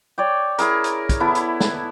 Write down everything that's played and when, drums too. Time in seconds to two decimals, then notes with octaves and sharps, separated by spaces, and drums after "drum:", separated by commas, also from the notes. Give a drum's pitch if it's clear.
0.18 C#5 D5 G5
0.58 E4 G#4 A#4, drum: hi-hat
0.84 drum: hi-hat
1.09 drum: kick, hi-hat
1.20 B3 E4 A4
1.35 drum: hi-hat
1.60 drum: snare